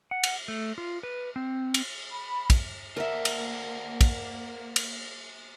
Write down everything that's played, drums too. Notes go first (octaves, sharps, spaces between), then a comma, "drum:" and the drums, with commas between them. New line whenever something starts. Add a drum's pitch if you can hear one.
F#5
drum: cymbal
A3
F4
B4
C4
drum: cymbal
B5
drum: kick, cymbal
A#3 A#4 C5 D5 E5 F#5
drum: cymbal
drum: kick, cymbal
drum: cymbal